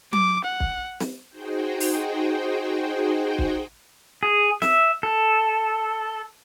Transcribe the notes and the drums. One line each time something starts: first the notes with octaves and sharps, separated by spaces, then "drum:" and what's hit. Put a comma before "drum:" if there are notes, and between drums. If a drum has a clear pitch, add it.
D6, drum: tom F#3
F#5
drum: kick
drum: snare
D#4 F#4 G#4 C5 G5
drum: open hi-hat
drum: kick
G#4
E5, drum: snare
A4